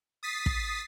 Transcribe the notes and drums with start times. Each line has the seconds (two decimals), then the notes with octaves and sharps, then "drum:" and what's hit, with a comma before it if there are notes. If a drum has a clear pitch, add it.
0.23 D#6 A6 B6 C7
0.46 drum: kick